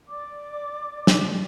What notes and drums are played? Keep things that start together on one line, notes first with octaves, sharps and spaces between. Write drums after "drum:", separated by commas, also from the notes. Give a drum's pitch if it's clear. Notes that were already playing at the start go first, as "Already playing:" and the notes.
D5 D6
drum: snare